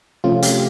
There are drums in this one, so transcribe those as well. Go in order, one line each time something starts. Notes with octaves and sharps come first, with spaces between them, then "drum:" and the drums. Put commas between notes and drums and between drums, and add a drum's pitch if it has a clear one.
C3 F3 A3 C#4 F4
G4, drum: hi-hat